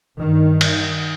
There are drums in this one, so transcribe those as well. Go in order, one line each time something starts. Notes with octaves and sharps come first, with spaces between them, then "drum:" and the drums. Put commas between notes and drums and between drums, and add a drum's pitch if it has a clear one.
G2 D#3
drum: cymbal